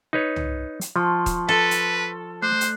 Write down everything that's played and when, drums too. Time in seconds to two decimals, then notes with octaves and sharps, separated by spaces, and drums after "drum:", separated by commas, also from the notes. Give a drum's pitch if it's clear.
0.13 D#4 B4 C#5
0.36 drum: tom C2
0.81 drum: hi-hat
0.96 F3 A5 C6 C#6
1.26 drum: kick D#1, hi-hat
1.49 A4 B4
1.71 drum: hi-hat
2.42 A3 C5 F#6 C7
2.61 drum: hi-hat